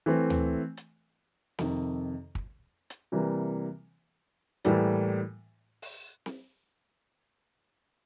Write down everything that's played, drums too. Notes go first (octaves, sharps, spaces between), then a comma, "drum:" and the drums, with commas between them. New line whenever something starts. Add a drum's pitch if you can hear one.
E3 A3 C4
drum: tom
drum: hi-hat
F2 C3 D#3, drum: snare C4
drum: kick
drum: hi-hat
C3 E3 G3 A#3
A2 E3 G3 A#3, drum: hi-hat
drum: open hi-hat
drum: snare C4